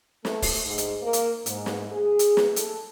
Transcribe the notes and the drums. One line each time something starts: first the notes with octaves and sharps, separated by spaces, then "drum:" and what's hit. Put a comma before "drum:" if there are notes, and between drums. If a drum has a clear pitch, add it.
A3, drum: snare
drum: kick, open hi-hat
G#2
drum: hi-hat
A#3
drum: hi-hat
G#2, drum: hi-hat
drum: snare
G#4
drum: hi-hat
drum: snare
A4, drum: hi-hat